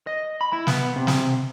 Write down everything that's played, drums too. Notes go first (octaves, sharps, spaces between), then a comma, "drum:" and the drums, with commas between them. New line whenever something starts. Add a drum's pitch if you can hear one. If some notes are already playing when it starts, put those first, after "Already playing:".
D#5
B5
E4
B3, drum: snare
C3
drum: snare